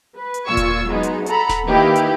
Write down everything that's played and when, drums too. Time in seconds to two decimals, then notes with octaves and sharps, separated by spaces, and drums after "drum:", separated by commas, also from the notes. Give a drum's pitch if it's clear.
0.16 B4
0.34 drum: hi-hat
0.48 A#2 F4 C#6 E6 G#6
0.57 drum: kick E1, hi-hat
0.89 F#3 G#3 B3 D#4
1.03 drum: hi-hat
1.26 A4 F#5 A#5 B5, drum: hi-hat
1.49 drum: snare D#1
1.66 D#3 A#3 D#4 E4 G4 B4
1.96 drum: hi-hat